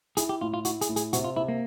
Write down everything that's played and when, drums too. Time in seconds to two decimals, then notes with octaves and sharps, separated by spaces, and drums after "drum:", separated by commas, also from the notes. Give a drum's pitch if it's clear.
0.17 E4 G#4, drum: hi-hat
0.29 G4
0.41 A2 F4
0.54 F4
0.65 E4 F#4, drum: hi-hat
0.81 G#4, drum: hi-hat
0.89 A2
0.96 G#4, drum: hi-hat
1.13 C3 F#4, drum: hi-hat
1.24 F4
1.36 C3 E4
1.48 A#3